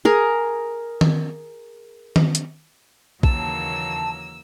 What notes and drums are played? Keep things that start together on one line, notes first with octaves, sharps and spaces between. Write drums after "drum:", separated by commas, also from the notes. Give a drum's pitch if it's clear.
G#4 A#4
drum: tom D#3
drum: tom D#3
drum: hi-hat
D#2 C#3 E3 F#3 A#3 A5 E6, drum: kick